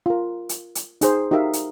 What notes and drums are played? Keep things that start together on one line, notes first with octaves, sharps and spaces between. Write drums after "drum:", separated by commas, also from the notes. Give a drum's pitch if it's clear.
F4 A#4
drum: hi-hat
drum: hi-hat
D#4 G#4 C5, drum: hi-hat
D#4 F#4 G4 A#4 E5 F5
drum: hi-hat